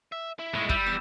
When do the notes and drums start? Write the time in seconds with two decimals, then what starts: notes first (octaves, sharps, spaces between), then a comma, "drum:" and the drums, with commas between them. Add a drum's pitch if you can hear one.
0.12 E5
0.39 E4
0.54 A2 G#3
0.69 G3 B5 E6 G6, drum: kick
0.87 E2 E7